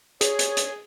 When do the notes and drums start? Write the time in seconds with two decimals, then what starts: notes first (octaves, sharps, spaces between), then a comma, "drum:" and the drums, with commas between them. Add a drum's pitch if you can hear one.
0.21 G#4 C#5, drum: hi-hat
0.39 drum: hi-hat
0.57 drum: hi-hat